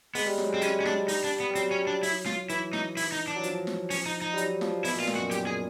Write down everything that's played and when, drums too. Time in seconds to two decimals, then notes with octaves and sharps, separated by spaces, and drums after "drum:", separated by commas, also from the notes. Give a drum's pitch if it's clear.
0.15 G#3 B3, drum: open hi-hat
0.26 G3
0.38 F#3, drum: snare
0.49 G#3 C4
0.62 G3 C#4, drum: hi-hat
0.81 C#4
0.85 D4, drum: snare
1.08 D#4, drum: open hi-hat
1.24 D4
1.40 B3
1.51 G3
1.55 F#3 C4, drum: hi-hat
1.71 C#4
1.87 D4
2.03 E4, drum: open hi-hat
2.26 F4, drum: snare
2.49 E3 E4, drum: hi-hat
2.73 D#4, drum: snare
2.97 E4, drum: open hi-hat
3.12 D#4
3.28 D4
3.36 F#3
3.43 F3, drum: hi-hat
3.67 drum: snare
3.90 C#4, drum: open hi-hat
4.06 D#4
4.22 D#4
4.33 G3
4.37 F#3, drum: hi-hat
4.61 F3, drum: snare
4.84 B2 E4, drum: open hi-hat
4.96 A#2
5.00 F4
5.07 A#2, drum: snare
5.16 F#4
5.19 F#2
5.31 G4, drum: hi-hat
5.47 G#4